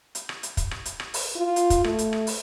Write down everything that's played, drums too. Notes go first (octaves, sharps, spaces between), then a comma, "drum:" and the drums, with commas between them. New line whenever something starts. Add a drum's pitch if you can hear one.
drum: hi-hat
drum: rim click
drum: hi-hat
drum: kick, hi-hat
drum: rim click
drum: hi-hat
drum: rim click
drum: open hi-hat
F4
drum: hi-hat
drum: kick, hi-hat
A3, drum: rim click
drum: hi-hat
drum: rim click
drum: open hi-hat